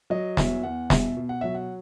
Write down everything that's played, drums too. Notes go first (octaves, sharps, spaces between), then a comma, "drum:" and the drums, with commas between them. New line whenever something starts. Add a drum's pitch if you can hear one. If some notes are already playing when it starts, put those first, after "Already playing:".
F#3 D#5
E2 E5, drum: snare
E2 F#5
B2 E5, drum: snare
B2
F#5
F#3 E5
F#5